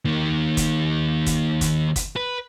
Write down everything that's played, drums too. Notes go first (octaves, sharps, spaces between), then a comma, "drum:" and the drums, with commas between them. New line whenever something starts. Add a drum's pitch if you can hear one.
D#3 A#3
drum: kick, hi-hat
drum: kick, hi-hat
drum: kick, hi-hat
drum: kick, hi-hat
B4